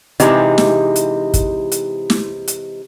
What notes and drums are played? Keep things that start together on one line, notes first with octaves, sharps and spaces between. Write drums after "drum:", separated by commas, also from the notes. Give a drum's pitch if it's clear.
C3 E3 G#3 D#4 G4, drum: hi-hat
drum: snare
drum: hi-hat
drum: kick, hi-hat
drum: hi-hat
drum: snare
drum: hi-hat